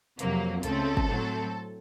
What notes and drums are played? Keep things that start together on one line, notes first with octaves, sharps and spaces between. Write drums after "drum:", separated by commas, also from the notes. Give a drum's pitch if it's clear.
F2 C3 F#3 A#3, drum: hi-hat
C#2 C#3 A3 C4 A4, drum: hi-hat
drum: kick
A2 F#3 A3 C4